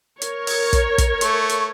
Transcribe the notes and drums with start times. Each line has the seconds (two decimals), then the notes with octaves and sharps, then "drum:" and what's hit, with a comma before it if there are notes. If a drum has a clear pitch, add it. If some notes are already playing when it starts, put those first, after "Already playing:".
0.22 A#4 C#5, drum: hi-hat
0.47 drum: open hi-hat
0.73 drum: kick, hi-hat
0.98 drum: kick, hi-hat
1.21 A3 C#6, drum: hi-hat
1.49 drum: hi-hat